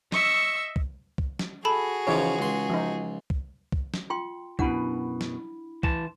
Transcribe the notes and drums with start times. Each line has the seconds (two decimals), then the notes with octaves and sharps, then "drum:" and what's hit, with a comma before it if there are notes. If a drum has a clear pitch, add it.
0.12 D#5 E5 C#6 E6, drum: snare
0.76 drum: kick
1.18 drum: kick
1.39 drum: snare
1.65 F#4 G#4 A4 A5 B5
2.07 C#3 E3 F3 D#4 C#5
2.39 C#2 C6
2.70 F3 D#4
3.30 drum: kick
3.72 drum: kick
3.94 drum: snare
4.10 F4 G5 C6
4.59 F#2 B2 D4 E4 F#5 B5, drum: kick
5.21 drum: snare
5.83 E3 A5 C6, drum: kick